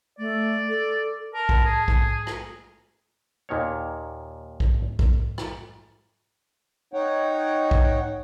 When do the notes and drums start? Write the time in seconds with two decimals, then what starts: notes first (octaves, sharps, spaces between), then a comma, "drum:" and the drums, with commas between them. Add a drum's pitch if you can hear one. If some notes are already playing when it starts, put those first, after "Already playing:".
0.19 A3 D5
0.68 A4
1.34 A#4 A5
1.49 drum: kick A#1
1.65 G#4
1.88 drum: kick A#1
2.27 drum: rim click
3.49 D#2 A#2 D#3 A#3 C#5
4.60 drum: kick A#1
4.99 drum: kick A#1
5.38 drum: rim click
6.94 D#4 C#5 F#5 G5
7.71 drum: kick A#1